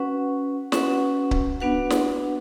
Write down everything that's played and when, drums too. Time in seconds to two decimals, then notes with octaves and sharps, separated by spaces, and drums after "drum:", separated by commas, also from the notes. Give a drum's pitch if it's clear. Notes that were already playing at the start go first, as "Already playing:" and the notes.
Already playing: C#4 F#4 B4 F#5
0.72 C#4 F#4 B4 F#5, drum: snare
1.31 drum: kick C#1
1.60 B3 D4 F#4 B4 F#5
1.90 drum: snare